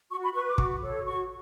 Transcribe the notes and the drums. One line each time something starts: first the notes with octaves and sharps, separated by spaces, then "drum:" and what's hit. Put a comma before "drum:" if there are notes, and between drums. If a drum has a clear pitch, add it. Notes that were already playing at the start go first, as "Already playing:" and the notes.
F#4 C#6
B5
B4 C#6
D6
F#4, drum: kick
A4 C#5
F#4 C#6